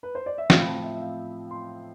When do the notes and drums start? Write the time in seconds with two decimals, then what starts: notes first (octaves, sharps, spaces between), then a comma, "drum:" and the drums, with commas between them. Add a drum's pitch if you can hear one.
0.03 B4
0.15 C5
0.26 D5
0.38 E5
0.50 A2 F3 C4 F5, drum: snare
0.60 B5
0.67 A5
0.84 E5
0.94 E5
1.00 F5
1.51 C6